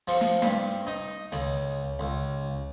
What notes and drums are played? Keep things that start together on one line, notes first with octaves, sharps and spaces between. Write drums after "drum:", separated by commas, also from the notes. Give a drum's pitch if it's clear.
F3, drum: open hi-hat
drum: snare
G2, drum: snare
D#4
C#2, drum: hi-hat
C#2